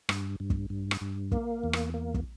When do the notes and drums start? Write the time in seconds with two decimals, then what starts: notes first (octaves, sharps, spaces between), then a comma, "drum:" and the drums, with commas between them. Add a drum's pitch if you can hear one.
0.09 G2, drum: rim click
0.40 G2
0.50 drum: kick
0.70 G2
0.91 drum: rim click
1.01 G2
1.32 A#3, drum: kick
1.64 E2
1.73 drum: rim click
1.94 A#3
2.14 drum: kick